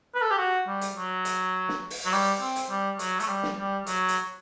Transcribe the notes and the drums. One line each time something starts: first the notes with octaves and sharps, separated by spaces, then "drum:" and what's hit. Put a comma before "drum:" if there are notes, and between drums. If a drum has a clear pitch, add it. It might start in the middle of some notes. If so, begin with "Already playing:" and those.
B4
A4
G4
F#4
G3
drum: hi-hat
F#3
drum: hi-hat
drum: snare
drum: open hi-hat
F#3
G3, drum: open hi-hat
C4
drum: hi-hat
G3
F#3, drum: hi-hat
A3, drum: hi-hat
G3
drum: snare
G3
F#3, drum: hi-hat
drum: hi-hat